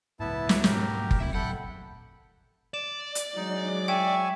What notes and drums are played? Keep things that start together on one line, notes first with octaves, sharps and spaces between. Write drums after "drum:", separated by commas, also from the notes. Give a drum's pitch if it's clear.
C#2 A2 B3 E4 A5
F#3, drum: snare
G#2 B2 G4 A#4, drum: snare
drum: kick F#1
F1 A3 C4 E4 E5
E2 A#2 F#3 A4 F#5 G5 B5
D5 E7
drum: hi-hat
F#3 G#3 D#4
E5 G5 G#5 C#6